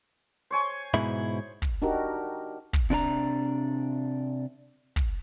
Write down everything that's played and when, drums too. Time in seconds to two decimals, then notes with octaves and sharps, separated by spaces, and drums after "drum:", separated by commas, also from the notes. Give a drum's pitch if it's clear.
0.50 C5 C#5 G#5
0.94 G#2 B2 E4
1.62 drum: kick
1.82 D4 D#4 F#4 G4 A#4
2.73 drum: kick
2.90 C3 D4 A#4 A#5
4.96 drum: kick